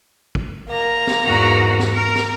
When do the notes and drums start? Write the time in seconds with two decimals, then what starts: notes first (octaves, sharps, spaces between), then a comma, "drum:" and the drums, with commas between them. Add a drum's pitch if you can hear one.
0.35 drum: kick
0.69 A#3 A#5
1.07 drum: snare
1.25 E2 G#2 F#4
1.79 drum: snare
1.94 A#4
2.15 drum: snare